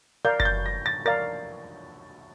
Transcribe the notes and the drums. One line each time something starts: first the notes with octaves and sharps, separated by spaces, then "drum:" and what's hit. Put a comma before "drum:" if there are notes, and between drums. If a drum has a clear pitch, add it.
A#4 D5 F5 G6
A6, drum: kick F#1
G6
A#6
A6
A#4 D5 F5 A6